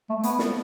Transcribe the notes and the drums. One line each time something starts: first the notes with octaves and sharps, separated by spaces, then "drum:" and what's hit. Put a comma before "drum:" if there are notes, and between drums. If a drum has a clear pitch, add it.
A3
B3, drum: hi-hat
drum: snare